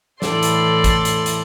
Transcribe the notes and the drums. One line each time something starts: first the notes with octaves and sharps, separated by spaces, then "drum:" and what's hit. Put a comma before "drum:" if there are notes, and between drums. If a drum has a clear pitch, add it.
A2 E3 A4 D5 C6, drum: snare
drum: hi-hat
drum: kick A1, hi-hat
drum: hi-hat
drum: hi-hat